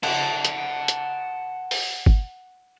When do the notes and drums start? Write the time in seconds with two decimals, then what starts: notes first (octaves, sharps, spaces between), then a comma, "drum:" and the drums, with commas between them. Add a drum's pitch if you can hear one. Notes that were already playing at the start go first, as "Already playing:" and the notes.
0.03 F#5 A5, drum: cymbal
0.45 drum: hi-hat
0.88 drum: hi-hat
1.71 drum: open hi-hat
2.06 drum: kick